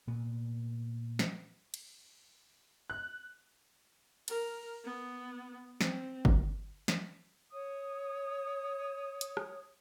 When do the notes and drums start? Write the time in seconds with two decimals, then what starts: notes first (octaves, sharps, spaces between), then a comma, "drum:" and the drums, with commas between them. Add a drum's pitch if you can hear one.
0.07 A#2 B3
1.19 drum: snare
1.74 drum: cymbal
2.90 F#6
4.28 A#4, drum: cymbal
4.84 B3
5.81 C4, drum: snare
6.25 drum: kick G1
6.88 drum: snare
7.52 C#5 D#6
9.21 drum: hi-hat
9.37 drum: rim click